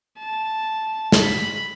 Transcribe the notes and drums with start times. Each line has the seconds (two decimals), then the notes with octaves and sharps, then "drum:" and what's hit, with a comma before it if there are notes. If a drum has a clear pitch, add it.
0.19 A5
1.12 drum: snare
1.22 B5